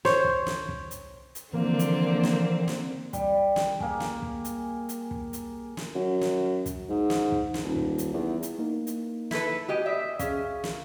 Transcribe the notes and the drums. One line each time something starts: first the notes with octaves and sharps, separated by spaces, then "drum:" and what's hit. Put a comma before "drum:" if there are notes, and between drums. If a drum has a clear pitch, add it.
C5 C#5, drum: snare
drum: kick
drum: snare
drum: kick
drum: hi-hat
drum: hi-hat
D3 E3 F3 A#3 C4
drum: hi-hat
drum: snare
drum: snare
G3, drum: kick, hi-hat
drum: snare
A#3 G#4, drum: kick
drum: snare
drum: kick
drum: hi-hat
drum: hi-hat
drum: kick
drum: hi-hat
drum: snare
F#2
drum: snare
drum: kick, hi-hat
G#2
drum: snare
drum: kick
drum: snare
D#1
drum: kick
drum: hi-hat
E2
drum: hi-hat
A#3 D#4 A#4
drum: hi-hat
E4 A4 B4, drum: snare
G#3 F#4 G4 D#5
D5 E5 D#6 B6
C#4 G#4 F5, drum: kick, hi-hat
drum: snare